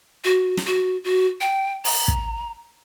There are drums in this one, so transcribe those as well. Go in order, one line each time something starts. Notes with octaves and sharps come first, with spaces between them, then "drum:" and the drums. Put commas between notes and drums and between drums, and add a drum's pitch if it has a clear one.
F#4
drum: snare
F#4
F#4
G5
A#5, drum: open hi-hat
drum: kick